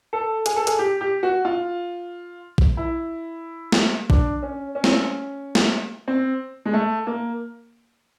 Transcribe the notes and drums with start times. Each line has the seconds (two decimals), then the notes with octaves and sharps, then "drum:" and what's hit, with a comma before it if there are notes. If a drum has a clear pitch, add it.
0.13 A4
0.46 G#4, drum: hi-hat
0.56 A4
0.67 G#4, drum: hi-hat
0.79 G4
1.01 G4
1.23 F#4
1.45 F4
2.58 drum: kick A#1
2.77 E4
3.72 drum: snare
4.10 D4, drum: kick A#1
4.43 C#4
4.75 C#4
4.84 C4, drum: snare
4.92 C#4
5.55 drum: snare
6.08 C4
6.65 G#3
6.73 A3
7.07 A#3